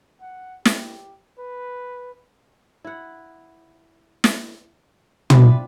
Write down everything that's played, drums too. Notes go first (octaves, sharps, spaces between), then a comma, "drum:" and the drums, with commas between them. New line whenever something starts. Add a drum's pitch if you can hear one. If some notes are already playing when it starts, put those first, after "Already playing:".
F#5
G4, drum: snare
B4
E4 F#5
drum: snare
C4 D4 E4 F4 B4 B5, drum: tom